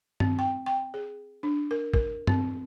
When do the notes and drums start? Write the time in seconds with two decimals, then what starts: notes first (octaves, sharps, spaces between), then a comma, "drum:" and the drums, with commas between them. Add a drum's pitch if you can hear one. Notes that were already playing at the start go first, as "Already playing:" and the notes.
0.20 C4, drum: tom G2
0.39 G5
0.66 G5
0.94 G#4
1.43 D4
1.71 A#4
1.94 A#4, drum: kick
2.27 C4, drum: tom